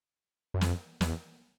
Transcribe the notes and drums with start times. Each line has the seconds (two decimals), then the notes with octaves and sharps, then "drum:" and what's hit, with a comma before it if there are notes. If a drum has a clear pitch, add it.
0.54 F#2
0.61 F2, drum: snare
1.01 E2, drum: snare